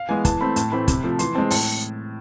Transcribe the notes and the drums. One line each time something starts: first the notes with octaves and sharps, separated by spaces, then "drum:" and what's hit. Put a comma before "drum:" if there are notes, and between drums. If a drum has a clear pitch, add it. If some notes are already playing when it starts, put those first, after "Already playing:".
Already playing: F5
E3 G#3 B3 G#5
E3 A5, drum: kick, hi-hat
A3 C4 B5
A2 A5, drum: hi-hat
E3 A3 C4 B5
C3, drum: kick, hi-hat
F3 A3
E3 C6, drum: hi-hat
G#3 C4 A5
A2 A5, drum: open hi-hat